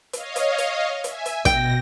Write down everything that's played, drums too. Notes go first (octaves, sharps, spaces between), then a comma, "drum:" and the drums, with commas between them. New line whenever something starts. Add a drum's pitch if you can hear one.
C#5 D#5 F5, drum: hi-hat
drum: hi-hat
drum: hi-hat
E5 G#5, drum: hi-hat
drum: hi-hat
B2 G5 A#6, drum: kick, hi-hat